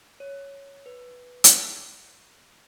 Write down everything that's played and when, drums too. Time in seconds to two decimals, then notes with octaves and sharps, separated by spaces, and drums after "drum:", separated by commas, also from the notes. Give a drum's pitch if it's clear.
0.20 C#5
0.86 B4
1.44 F#6, drum: hi-hat